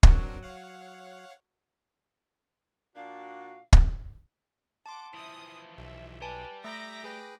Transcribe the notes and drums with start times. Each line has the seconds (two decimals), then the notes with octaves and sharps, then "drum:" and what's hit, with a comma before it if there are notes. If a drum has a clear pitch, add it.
0.03 F#3 C4 D4 A#4, drum: kick
0.43 C#5 F5 F#5
2.96 A#2 D4 F#4 F5
3.73 drum: kick
4.86 F#5 A5 C6 D6
5.14 E3 F3 E5 D#6
5.78 B1 E5
6.22 G4 B4 D5 G#5 A5
6.64 A3 E5 A#5 D6 G6 A#6 B6
7.04 G#4 B4 G5